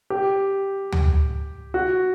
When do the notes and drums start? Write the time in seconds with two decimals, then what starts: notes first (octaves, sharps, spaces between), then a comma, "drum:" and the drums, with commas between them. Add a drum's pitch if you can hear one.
0.10 G4
0.92 drum: tom D2
1.74 F#4